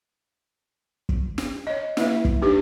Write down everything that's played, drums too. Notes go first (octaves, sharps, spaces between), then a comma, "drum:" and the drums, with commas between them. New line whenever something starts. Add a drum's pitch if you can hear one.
drum: kick
drum: snare
C#5 D#5
A#3 E4 B4 E5, drum: snare
drum: kick
D4 D#4 G4 B4